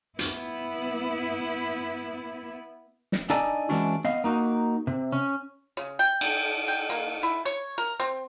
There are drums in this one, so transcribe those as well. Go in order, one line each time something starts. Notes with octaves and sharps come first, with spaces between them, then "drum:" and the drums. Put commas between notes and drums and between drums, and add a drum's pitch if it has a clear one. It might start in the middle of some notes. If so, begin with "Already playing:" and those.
B3 E4, drum: hi-hat
drum: snare
D4 D#4 A4 D5 D#5 G#5
E3 G#3 C#4 D4 F#4
B3 D#5 F5
A#3 D#4 F#4
C3
C#4
C#3
G5
drum: cymbal
G5
A#3
E4
C#5
A#4
C4